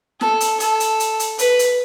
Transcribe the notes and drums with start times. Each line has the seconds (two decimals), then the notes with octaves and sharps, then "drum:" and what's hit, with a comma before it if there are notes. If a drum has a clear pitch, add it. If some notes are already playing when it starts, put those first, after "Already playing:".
0.21 A4, drum: snare
0.40 drum: hi-hat
0.60 A4, drum: hi-hat
0.80 drum: hi-hat
1.00 drum: hi-hat
1.20 drum: hi-hat
1.39 B4, drum: hi-hat
1.59 drum: hi-hat